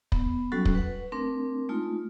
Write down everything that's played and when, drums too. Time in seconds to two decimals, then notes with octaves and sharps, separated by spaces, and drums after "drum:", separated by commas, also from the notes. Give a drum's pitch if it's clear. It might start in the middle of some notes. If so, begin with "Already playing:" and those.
0.12 B3, drum: kick
0.52 F#3 G3 C#4 F#4 A4 G5
0.65 drum: kick
0.75 B4 F#5
1.12 A3 C4 D4 A#4
1.69 G#3 A3 D#4 F4